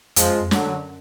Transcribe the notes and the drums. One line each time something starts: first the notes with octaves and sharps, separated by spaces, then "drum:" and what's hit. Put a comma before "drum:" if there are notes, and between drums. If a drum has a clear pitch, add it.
F2 F3 G#3, drum: hi-hat
F#2
F2
F#2 D3 F#3, drum: snare